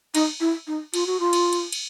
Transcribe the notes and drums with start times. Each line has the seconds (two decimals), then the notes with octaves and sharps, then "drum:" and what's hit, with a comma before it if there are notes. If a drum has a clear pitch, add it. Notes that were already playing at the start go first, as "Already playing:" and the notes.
0.15 D#4, drum: cymbal
0.41 E4
0.67 D#4
0.94 F4, drum: cymbal
1.07 F#4
1.20 F4
1.33 drum: cymbal
1.53 drum: cymbal
1.72 drum: cymbal